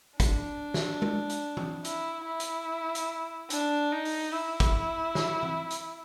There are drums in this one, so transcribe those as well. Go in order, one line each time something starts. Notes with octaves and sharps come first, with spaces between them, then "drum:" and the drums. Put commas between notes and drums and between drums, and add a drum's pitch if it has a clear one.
D4, drum: kick, hi-hat
drum: snare
drum: tom G#3
drum: hi-hat
drum: tom E3
E4, drum: hi-hat
E4
drum: hi-hat
drum: hi-hat
D4, drum: hi-hat
D#4
drum: open hi-hat
E4
drum: kick, hi-hat
drum: snare
drum: tom E3
drum: hi-hat